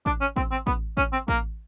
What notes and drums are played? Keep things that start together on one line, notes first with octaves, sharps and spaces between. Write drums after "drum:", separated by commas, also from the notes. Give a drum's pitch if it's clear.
D4, drum: kick A1
C#4
C4, drum: kick A1
C4
B3, drum: kick A1
C#4, drum: kick A1
C4
A#3, drum: kick A1